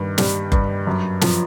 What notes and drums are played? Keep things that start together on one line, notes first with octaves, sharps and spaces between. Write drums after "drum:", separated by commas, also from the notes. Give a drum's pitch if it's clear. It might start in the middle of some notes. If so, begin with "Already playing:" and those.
Already playing: G2 D#3
G3, drum: snare
G2, drum: kick F#1
F#2
F3, drum: snare